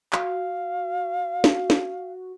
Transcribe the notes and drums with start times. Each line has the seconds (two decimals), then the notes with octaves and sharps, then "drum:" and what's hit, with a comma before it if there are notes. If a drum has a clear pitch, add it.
0.13 F#4 F5, drum: clap
1.44 drum: snare
1.70 drum: snare